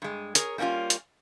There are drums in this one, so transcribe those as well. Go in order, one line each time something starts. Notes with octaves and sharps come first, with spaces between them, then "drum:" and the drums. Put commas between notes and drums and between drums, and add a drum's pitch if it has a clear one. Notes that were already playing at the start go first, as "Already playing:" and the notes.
G2 G#3
G#4 A#4 C#5, drum: hi-hat
G3 A#3 C#4 D4 F4
drum: hi-hat